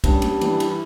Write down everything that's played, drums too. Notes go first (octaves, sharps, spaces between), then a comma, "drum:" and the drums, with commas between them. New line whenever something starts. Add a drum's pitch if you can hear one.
G2 C#4, drum: kick, cymbal
G3, drum: cymbal
E3, drum: cymbal
E4, drum: cymbal